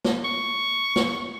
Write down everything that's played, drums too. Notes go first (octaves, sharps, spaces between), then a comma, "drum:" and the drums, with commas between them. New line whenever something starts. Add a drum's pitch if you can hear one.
drum: snare
C#6
drum: snare